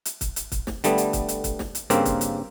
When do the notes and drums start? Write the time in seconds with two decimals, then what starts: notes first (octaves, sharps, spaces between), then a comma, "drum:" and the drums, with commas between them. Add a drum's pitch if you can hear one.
0.05 drum: hi-hat
0.21 drum: kick, hi-hat
0.36 drum: hi-hat
0.52 drum: kick, hi-hat
0.67 drum: snare
0.84 D3 G3 A3 B3, drum: hi-hat
0.98 drum: hi-hat
1.13 drum: kick, hi-hat
1.28 drum: hi-hat
1.44 drum: kick, hi-hat
1.59 drum: snare
1.75 drum: hi-hat
1.90 G2 C#3 A#3 C4, drum: hi-hat
2.05 drum: kick, hi-hat
2.21 drum: hi-hat